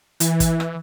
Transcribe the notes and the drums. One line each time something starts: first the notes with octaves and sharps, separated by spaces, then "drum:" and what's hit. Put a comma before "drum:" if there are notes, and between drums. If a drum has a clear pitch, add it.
E3, drum: hi-hat
drum: kick, hi-hat
drum: rim click